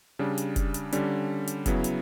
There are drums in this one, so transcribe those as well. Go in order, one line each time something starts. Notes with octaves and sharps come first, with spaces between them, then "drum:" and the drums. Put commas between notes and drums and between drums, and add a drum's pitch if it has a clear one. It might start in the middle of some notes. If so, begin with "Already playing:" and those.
C#3 G3 D4
drum: hi-hat
drum: kick F1, hi-hat
drum: hi-hat
D3 G3 C#4, drum: hi-hat
drum: hi-hat
C#3 F#3 B3 E4, drum: kick F1, hi-hat
drum: hi-hat